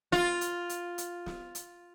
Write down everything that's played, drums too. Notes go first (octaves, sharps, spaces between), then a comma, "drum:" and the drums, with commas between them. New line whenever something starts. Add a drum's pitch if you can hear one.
F4, drum: snare
drum: hi-hat
drum: hi-hat
drum: hi-hat
drum: snare
drum: hi-hat